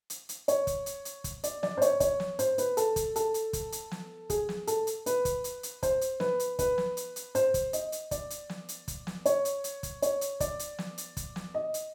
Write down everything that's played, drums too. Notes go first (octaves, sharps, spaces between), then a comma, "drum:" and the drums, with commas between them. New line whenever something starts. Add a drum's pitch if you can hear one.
drum: hi-hat
drum: hi-hat
C#5, drum: hi-hat
drum: kick, hi-hat
drum: hi-hat
drum: hi-hat
drum: kick, hi-hat
D5, drum: hi-hat
D5, drum: snare
C5
C#5, drum: hi-hat
C#5, drum: kick, hi-hat
drum: snare
C5, drum: hi-hat
B4, drum: hi-hat
A4, drum: hi-hat
drum: kick, hi-hat
A4, drum: hi-hat
drum: hi-hat
drum: kick, hi-hat
drum: hi-hat
drum: snare
G#4, drum: kick, hi-hat
drum: snare
A4, drum: hi-hat
drum: hi-hat
B4, drum: hi-hat
drum: kick, hi-hat
drum: hi-hat
drum: hi-hat
C5, drum: kick, hi-hat
drum: hi-hat
B4, drum: snare
drum: hi-hat
B4, drum: kick, hi-hat
drum: snare
drum: hi-hat
drum: hi-hat
C5, drum: hi-hat
drum: kick, hi-hat
D#5, drum: hi-hat
drum: hi-hat
D5, drum: kick, hi-hat
drum: hi-hat
drum: snare
drum: hi-hat
drum: kick, hi-hat
drum: snare
C#5, drum: hi-hat
drum: hi-hat
drum: hi-hat
drum: kick, hi-hat
C#5, drum: hi-hat
drum: hi-hat
D5, drum: kick, hi-hat
drum: hi-hat
drum: snare
drum: hi-hat
drum: kick, hi-hat
drum: snare
D#5
drum: hi-hat